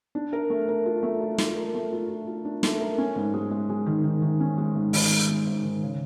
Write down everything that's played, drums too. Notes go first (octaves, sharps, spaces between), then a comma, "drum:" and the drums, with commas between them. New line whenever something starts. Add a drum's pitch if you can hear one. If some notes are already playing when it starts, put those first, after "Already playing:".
D4
A#4
A3
A#4
F4
A3
F4
F4, drum: snare
A#4
A3
F4
F4
F4
D4
A3, drum: snare
A#4
C#4
G#2
G#3
G#3
G#3
D#3
D#3
D#3
C#4
G#3
G#2
D#3, drum: open hi-hat
G#3
G#3
G#2
D#3
C#3